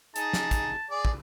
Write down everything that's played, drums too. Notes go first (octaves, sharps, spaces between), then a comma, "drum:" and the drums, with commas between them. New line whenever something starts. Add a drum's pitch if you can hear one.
D#4 G#4 A5, drum: hi-hat
drum: snare
drum: kick, hi-hat
G#4 D5
drum: kick